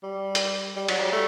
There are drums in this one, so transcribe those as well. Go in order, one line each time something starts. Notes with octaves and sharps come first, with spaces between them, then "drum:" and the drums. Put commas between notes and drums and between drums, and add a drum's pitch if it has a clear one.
G3
drum: hi-hat
G3
F#3, drum: cymbal
G3
A3